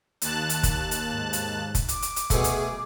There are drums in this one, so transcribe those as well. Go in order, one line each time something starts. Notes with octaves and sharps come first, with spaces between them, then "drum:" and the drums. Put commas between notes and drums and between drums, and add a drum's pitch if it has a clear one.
D#2 A5 F#6, drum: hi-hat
drum: hi-hat
drum: kick F1, hi-hat
drum: hi-hat
G#2
drum: hi-hat
drum: kick F1, hi-hat
D6, drum: hi-hat
drum: hi-hat
drum: hi-hat
B2 A3 G#4, drum: kick F1, hi-hat
drum: hi-hat